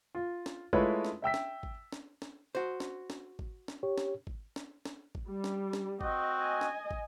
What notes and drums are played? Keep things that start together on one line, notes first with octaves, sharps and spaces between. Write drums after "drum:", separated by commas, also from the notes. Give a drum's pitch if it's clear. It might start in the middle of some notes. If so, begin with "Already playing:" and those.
F4
drum: snare
G#3 A3 E4 F4 B4 C#5, drum: kick
drum: snare
E5 G5 E6 B6
drum: snare
drum: kick
drum: snare
drum: snare
F#4 C5
drum: snare
drum: snare
drum: kick
drum: snare
G4 C#5
drum: snare
drum: kick
drum: snare
drum: snare
drum: kick
G3
drum: snare
drum: snare
C4 F#4 D#5, drum: kick
D#5 G#5
drum: snare
drum: kick